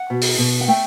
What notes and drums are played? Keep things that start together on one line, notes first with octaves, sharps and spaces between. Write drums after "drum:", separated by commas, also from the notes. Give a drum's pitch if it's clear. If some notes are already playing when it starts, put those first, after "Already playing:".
Already playing: F#5
B2
drum: open hi-hat
B2
F#5
A3 G5